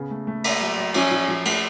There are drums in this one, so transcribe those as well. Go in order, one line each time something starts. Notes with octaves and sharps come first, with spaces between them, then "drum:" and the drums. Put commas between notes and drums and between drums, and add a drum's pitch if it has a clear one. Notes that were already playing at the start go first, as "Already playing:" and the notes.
Already playing: C#3 B3
A3
A3
A#3, drum: cymbal
F#3
F#3
F3 C#4, drum: cymbal
F3
F3
A3, drum: cymbal